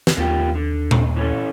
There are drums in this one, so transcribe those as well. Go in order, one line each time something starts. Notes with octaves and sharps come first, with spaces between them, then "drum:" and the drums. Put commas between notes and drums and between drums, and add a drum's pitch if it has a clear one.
drum: snare
D#2 A#3 F4 G4
D3
drum: tom A#2
E3 C#4 A4